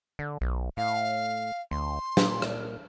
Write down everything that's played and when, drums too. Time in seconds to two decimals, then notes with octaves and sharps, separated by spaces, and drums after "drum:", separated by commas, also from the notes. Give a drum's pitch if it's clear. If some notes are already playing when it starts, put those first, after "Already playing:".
0.19 D3
0.41 B1
0.77 A2 F5
1.71 D2 C6
2.17 A#2, drum: snare
2.42 drum: rim click